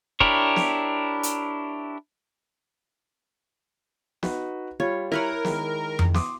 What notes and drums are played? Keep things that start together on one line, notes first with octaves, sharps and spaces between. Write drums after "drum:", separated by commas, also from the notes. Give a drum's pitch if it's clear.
D4 E4 G4 A#4 C#5, drum: kick
drum: snare
drum: hi-hat
D#4 F#4 B4, drum: snare
G3 F4 C#5 B5
E4 A#4 B4 C#5
D#3 G#3, drum: snare
drum: tom F2
C6 D6 D#6, drum: snare